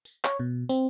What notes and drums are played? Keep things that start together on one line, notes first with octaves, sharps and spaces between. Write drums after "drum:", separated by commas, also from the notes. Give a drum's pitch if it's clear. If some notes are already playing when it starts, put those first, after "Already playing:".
drum: tambourine
C#5, drum: clap
B2
C4, drum: tambourine